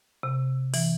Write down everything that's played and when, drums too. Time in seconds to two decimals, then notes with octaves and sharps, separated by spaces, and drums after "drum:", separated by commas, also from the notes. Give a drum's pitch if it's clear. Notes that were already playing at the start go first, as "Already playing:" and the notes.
0.23 C3
0.74 E3, drum: open hi-hat